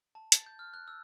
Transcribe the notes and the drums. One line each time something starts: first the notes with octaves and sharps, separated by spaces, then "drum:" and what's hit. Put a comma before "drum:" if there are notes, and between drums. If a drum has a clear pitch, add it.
A5
A6, drum: hi-hat
G6
F6
F#6
E6